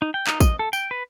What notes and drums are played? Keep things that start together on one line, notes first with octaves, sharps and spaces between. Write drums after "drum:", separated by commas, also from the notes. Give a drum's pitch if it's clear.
D#4
G5
D#4, drum: clap
D#5, drum: kick, tambourine
A4
G5, drum: tambourine
B4